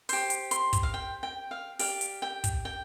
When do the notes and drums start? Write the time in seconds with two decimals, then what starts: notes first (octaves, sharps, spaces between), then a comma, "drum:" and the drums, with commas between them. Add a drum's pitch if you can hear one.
0.09 G4 C5, drum: open hi-hat
0.30 drum: hi-hat
0.51 C6, drum: hi-hat
0.73 drum: kick, hi-hat
0.83 F5
0.94 G5
1.23 G5
1.51 F5
1.79 G4 D5 F5, drum: open hi-hat
2.01 drum: hi-hat
2.22 G5
2.44 drum: kick, hi-hat
2.65 G5